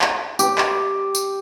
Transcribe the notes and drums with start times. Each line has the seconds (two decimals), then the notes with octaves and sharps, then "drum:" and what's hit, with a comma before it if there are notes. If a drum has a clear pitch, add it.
0.01 drum: clap
0.39 G4, drum: tambourine
0.58 drum: clap
1.15 drum: tambourine